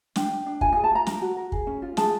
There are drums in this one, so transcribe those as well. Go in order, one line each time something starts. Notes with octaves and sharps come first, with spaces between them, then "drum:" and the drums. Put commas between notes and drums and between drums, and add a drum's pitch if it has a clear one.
D4 G5, drum: snare
D4
D4
F4 G#5, drum: kick
G#5
G#4
A5
F4 A#5
A#4, drum: snare
F#4
A#4
G#4, drum: kick
C#4
F4
G#4 A5, drum: snare